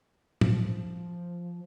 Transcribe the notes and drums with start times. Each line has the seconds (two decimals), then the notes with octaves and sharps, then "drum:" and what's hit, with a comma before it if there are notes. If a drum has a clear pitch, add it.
0.41 F3, drum: tom